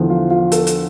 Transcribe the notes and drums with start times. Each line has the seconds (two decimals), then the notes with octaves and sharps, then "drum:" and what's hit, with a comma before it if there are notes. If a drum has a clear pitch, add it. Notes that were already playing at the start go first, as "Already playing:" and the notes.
Already playing: E2 D3 F3
0.10 F4
0.30 F4
0.52 A4, drum: hi-hat
0.67 drum: hi-hat